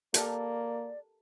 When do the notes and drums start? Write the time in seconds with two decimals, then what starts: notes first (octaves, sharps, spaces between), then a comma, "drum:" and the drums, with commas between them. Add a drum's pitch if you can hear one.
0.14 A#3 G4 A4 A#4 D5, drum: hi-hat